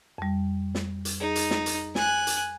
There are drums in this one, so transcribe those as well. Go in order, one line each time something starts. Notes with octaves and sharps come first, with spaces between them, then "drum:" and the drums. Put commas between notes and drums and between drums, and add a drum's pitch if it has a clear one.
F2 G3
drum: snare
drum: hi-hat
D#4 G#4
drum: hi-hat
drum: snare
drum: hi-hat
G#5 F#6, drum: snare
drum: hi-hat